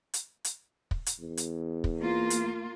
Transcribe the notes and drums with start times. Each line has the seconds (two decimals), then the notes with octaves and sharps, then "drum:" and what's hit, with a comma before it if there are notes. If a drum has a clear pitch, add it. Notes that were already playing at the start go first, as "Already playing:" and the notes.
0.14 drum: hi-hat
0.45 drum: hi-hat
0.91 drum: kick
1.06 drum: hi-hat
1.20 E2
1.37 drum: hi-hat
1.84 drum: kick
1.99 A#3 F4
2.30 drum: hi-hat